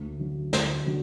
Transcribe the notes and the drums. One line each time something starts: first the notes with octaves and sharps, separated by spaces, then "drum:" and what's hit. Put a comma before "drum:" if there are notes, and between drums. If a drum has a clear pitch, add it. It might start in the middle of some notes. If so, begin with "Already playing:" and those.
Already playing: D2
D3 F#3
D2, drum: snare
D3 F#3